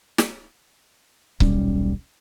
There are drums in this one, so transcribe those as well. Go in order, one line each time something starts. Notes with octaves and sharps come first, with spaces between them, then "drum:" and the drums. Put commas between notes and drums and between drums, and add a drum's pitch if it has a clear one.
drum: snare
D#1 B1 G3 C#4, drum: kick C#1